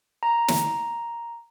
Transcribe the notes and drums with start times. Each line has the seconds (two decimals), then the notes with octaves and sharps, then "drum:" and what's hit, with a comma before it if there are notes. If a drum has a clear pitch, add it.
0.23 A#5
0.48 drum: snare